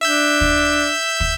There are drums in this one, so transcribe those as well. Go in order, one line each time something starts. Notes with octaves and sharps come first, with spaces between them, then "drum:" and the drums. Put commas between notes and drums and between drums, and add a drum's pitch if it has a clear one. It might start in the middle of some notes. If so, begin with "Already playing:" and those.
D4 E5 E6 G6
drum: kick
drum: kick